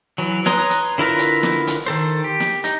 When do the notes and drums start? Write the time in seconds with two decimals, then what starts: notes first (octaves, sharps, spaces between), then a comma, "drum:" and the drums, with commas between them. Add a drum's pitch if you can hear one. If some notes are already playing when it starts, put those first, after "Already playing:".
0.18 E3 F#3
0.46 B4 C#5 A#5 C6 D#6, drum: snare
0.70 drum: hi-hat
0.98 D3 E4 F4 A#4 B4
1.19 drum: hi-hat
1.43 drum: snare
1.67 drum: hi-hat
1.86 D#3 A4 C5
2.24 G4
2.40 drum: snare
2.64 D#4, drum: hi-hat